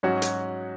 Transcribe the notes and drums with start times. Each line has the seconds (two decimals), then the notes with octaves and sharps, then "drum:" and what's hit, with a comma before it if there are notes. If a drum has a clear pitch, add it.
0.03 G#2 F#3 C#4 F#4 C#5
0.22 drum: hi-hat